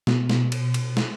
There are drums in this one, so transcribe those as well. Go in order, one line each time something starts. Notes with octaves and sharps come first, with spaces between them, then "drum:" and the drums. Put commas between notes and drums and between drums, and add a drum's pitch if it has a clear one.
B2, drum: snare
drum: snare
drum: cymbal
drum: cymbal
drum: snare